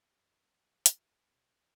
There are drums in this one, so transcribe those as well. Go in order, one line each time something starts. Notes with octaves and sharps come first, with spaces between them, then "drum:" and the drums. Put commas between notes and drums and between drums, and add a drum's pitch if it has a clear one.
F#2
D#4
drum: hi-hat
D#2 B2
F2 G3